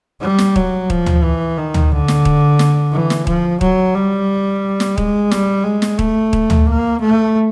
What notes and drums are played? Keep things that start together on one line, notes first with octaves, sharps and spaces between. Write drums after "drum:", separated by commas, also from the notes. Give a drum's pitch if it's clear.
G3
drum: snare
F#3, drum: kick D#1
F3, drum: kick D#1
drum: tom
E3
D#3
drum: tom
D3
drum: snare
drum: kick D#1
drum: snare
E3
drum: snare
F3, drum: kick D#1
F#3, drum: kick D#1
G3
drum: snare
G#3, drum: kick D#1
G3, drum: snare
G#3
drum: snare
A3, drum: kick D#1
drum: kick D#1
drum: tom
A#3
A3